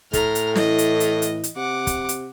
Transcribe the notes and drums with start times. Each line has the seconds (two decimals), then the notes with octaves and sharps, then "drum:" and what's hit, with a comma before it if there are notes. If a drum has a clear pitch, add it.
0.13 A2 A#5 F6, drum: kick, hi-hat
0.35 drum: hi-hat
0.56 E3 D#5, drum: snare
0.78 drum: hi-hat
1.00 drum: hi-hat
1.22 drum: hi-hat
1.44 drum: hi-hat
1.56 C3 F#5 D6
1.87 drum: kick, hi-hat
2.09 drum: hi-hat